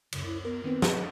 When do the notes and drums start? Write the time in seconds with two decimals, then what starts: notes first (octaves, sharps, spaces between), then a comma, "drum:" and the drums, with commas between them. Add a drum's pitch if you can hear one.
0.12 C#2 F#2 C#3, drum: cymbal
0.26 E4
0.45 B3 A#4
0.64 D#3 B3 C4 B4
0.82 A4 D#5, drum: snare